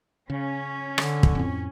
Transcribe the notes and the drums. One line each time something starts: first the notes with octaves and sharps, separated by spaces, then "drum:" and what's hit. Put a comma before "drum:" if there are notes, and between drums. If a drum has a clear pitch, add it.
C#3 C#4
D3, drum: rim click
drum: kick
F2 A2 C4